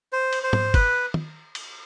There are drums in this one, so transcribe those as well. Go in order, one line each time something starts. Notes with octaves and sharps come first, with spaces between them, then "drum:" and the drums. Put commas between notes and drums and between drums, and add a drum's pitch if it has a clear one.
C5
drum: cymbal
C5
drum: tom G#2
B4, drum: kick F#1, cymbal
drum: tom
drum: cymbal